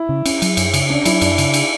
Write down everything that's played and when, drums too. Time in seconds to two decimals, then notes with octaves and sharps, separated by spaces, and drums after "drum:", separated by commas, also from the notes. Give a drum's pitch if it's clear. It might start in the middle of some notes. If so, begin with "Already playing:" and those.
Already playing: E4
0.09 C#3
0.26 C#4, drum: cymbal
0.42 F#3, drum: cymbal
0.57 F#2, drum: cymbal
0.74 C#3, drum: cymbal
0.90 C#4 D4
1.05 F#3 E4, drum: cymbal
1.21 F#2 D4, drum: cymbal
1.38 C#3, drum: cymbal
1.54 drum: cymbal